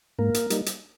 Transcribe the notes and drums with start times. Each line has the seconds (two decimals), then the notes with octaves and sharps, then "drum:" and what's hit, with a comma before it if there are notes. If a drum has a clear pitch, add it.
0.19 G#2 A#3 A#4
0.34 drum: hi-hat
0.50 G3 A#3 D#4, drum: hi-hat
0.66 drum: hi-hat